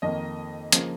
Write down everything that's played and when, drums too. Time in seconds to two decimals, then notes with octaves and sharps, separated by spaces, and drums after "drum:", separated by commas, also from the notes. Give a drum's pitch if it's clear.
0.02 F2 D#3 A#3 D#5
0.72 C#3 F3 A#3, drum: hi-hat